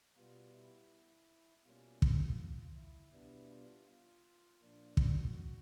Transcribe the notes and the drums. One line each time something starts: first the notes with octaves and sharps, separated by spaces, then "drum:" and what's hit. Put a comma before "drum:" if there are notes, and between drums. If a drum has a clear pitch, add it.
B2 G3 B3 F4
E4
B2 G3 A#3 C#4 F4
drum: kick
E4
B2 G3 B3 D4 E4
F4
F4
A#2 F3 A#3 D4
F#4, drum: kick